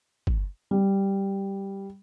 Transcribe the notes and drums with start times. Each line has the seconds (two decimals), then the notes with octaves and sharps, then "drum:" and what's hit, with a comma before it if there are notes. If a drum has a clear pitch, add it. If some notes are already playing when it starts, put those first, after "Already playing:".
0.27 drum: kick
0.71 G3